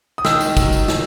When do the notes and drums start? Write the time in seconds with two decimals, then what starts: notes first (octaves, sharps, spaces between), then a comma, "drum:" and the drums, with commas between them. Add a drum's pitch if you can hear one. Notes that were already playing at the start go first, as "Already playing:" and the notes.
0.18 D#6
0.25 D#3 E6, drum: snare
0.41 drum: tambourine
0.57 F#3, drum: kick, tambourine
0.72 drum: tambourine
0.88 drum: snare